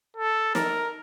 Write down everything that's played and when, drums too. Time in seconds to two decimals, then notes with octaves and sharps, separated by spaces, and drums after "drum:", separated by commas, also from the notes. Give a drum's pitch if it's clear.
0.17 A4
0.55 A#4, drum: snare